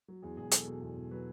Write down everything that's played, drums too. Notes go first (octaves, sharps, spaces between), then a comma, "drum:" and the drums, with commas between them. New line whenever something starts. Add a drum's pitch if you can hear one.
F#3
E2 G#4
E1 G#4
F#3 A4, drum: hi-hat
B2
E2
E1
F#3 B4